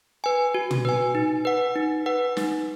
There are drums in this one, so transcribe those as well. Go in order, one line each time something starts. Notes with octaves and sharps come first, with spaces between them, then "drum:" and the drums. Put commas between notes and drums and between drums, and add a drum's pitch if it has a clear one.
B4 G#5
F#4
drum: tom
B4 G#5
D#4
B4 F#5
D#4
B4 F#5
D#4, drum: snare